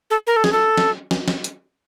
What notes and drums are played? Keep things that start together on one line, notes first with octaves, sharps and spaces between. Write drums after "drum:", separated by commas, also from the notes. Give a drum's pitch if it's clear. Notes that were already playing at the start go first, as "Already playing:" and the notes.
A4
A#4
A4
G#4, drum: snare
A4
drum: snare
drum: snare
drum: snare
drum: hi-hat